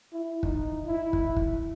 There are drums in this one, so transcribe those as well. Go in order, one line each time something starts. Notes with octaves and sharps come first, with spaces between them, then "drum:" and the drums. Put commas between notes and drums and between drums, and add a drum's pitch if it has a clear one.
E4
D#4, drum: kick
E4
drum: kick
drum: kick